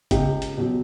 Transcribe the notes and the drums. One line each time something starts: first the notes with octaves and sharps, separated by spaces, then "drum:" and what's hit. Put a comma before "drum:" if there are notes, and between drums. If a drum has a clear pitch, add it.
C#2 G4, drum: kick G1, hi-hat
drum: hi-hat
B2 F#3